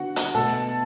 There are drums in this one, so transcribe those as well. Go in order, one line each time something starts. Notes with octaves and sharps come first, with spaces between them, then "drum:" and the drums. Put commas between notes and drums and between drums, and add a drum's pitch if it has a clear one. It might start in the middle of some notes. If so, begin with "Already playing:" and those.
Already playing: D3 B3 F#4 F#5
drum: hi-hat
B2 A3 A4 A5